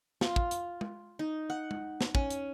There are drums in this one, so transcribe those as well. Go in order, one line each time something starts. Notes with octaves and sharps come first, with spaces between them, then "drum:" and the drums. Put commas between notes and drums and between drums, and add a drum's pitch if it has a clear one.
F4, drum: snare
drum: kick
drum: hi-hat
drum: tom
D#4
F#5
drum: tom
drum: snare
C#4, drum: kick
drum: hi-hat